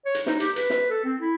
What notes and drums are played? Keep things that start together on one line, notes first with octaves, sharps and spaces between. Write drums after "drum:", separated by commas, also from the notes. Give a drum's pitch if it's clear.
C#5
drum: hi-hat
D#4, drum: snare
G4, drum: hi-hat
B4, drum: hi-hat
drum: snare
A4
C4
E4